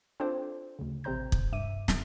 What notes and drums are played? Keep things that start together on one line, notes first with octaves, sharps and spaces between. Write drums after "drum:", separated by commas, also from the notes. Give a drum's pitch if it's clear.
C4 D4 F4 A4 C5 D5
D2 C#3
A1 C3 C4 C5 A#5 G6
drum: kick
G2 E5 D6 D#7
drum: snare